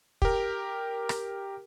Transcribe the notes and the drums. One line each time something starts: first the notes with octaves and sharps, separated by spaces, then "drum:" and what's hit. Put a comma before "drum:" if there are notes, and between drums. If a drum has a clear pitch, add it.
G4 A#4, drum: kick
drum: rim click